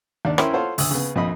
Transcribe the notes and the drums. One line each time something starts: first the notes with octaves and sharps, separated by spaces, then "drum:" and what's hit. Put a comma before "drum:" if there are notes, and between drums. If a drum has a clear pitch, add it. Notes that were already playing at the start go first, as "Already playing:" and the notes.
D#2 D4 D5
C#4 E4 A#4 C5 G5 B5, drum: rim click
F4 A4 C5 C#5 F5 F#5
D2 D#6 E6, drum: open hi-hat
C#3 B3
A#1 F2 D#5 B5 D#6